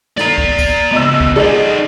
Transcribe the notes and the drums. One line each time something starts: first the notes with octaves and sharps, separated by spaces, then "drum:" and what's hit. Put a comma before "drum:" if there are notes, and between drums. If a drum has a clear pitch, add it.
D5 A#5, drum: snare
drum: kick
drum: kick, tambourine
C#3 B3 D#5 E6
drum: kick
D#4 G#4 A4 D5 D#5